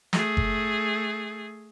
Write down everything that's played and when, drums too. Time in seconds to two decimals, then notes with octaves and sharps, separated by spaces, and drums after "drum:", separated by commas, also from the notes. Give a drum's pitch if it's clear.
0.13 A3 G#4, drum: snare
0.37 drum: kick F#1